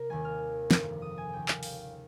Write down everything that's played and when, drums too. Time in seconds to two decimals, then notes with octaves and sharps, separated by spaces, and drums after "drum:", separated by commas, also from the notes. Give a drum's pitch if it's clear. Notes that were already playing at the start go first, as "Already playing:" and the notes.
Already playing: C3 A#4
0.09 D#2 D#3 G3 G#5
0.25 F6
0.71 G1 F2 C3, drum: snare
1.02 D#6
1.18 G#5
1.32 D#2 C#3 G3 G5
1.48 F5, drum: clap
1.63 G5, drum: open hi-hat